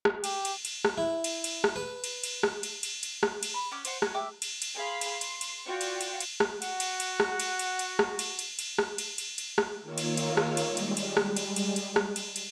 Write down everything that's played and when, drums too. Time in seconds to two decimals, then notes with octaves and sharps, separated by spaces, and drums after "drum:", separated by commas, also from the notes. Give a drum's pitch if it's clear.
0.05 drum: rim click
0.24 G4, drum: cymbal
0.45 drum: cymbal
0.65 drum: cymbal
0.85 drum: rim click
0.98 E4
1.24 drum: cymbal
1.44 drum: cymbal
1.64 drum: rim click
1.76 B4
2.04 drum: cymbal
2.24 drum: cymbal
2.43 drum: rim click
2.63 drum: cymbal
2.83 drum: cymbal
3.03 drum: cymbal
3.23 drum: rim click
3.43 drum: cymbal
3.54 B5
3.71 C#4 F#5 D6
3.85 C5 F#5, drum: cymbal
4.02 C#4 F#4 F#5 G#5, drum: rim click
4.14 E5 G5 D6 E6
4.42 drum: cymbal
4.62 drum: cymbal
4.75 G#4 F5 B5 C6
5.01 drum: cymbal
5.12 C6
5.21 drum: cymbal
5.41 drum: cymbal
5.66 F4 F#4 D5 F5 G5 C#6
5.81 drum: cymbal
6.01 drum: cymbal
6.20 drum: cymbal
6.40 drum: rim click
6.62 F#4 F#5, drum: cymbal
6.80 drum: cymbal
7.00 drum: cymbal
7.20 drum: rim click
7.40 drum: cymbal
7.59 drum: cymbal
7.79 drum: cymbal
7.99 drum: rim click
8.19 drum: cymbal
8.39 drum: cymbal
8.59 drum: cymbal
8.78 drum: rim click
8.98 drum: cymbal
9.18 drum: cymbal
9.38 drum: cymbal
9.58 drum: rim click
9.81 D#3 A#3 F4 A#4 C#5 E6
9.98 drum: cymbal
10.17 drum: cymbal
10.37 drum: rim click
10.57 drum: cymbal
10.67 G3 G#3
10.77 drum: cymbal
10.97 drum: cymbal
11.17 drum: rim click
11.37 drum: cymbal
11.56 drum: cymbal
11.76 drum: cymbal
11.96 drum: rim click
12.16 drum: cymbal
12.36 drum: cymbal